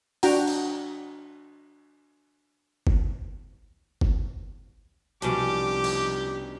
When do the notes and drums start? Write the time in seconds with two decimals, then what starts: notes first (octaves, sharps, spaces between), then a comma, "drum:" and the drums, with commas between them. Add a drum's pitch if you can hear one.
0.23 D4 F#4 F#5 G5 A#5, drum: open hi-hat
0.47 drum: cymbal
2.87 drum: kick
4.01 drum: kick
5.22 C2 B2 F3 C#4 D4 G4 D6, drum: hi-hat
5.84 drum: cymbal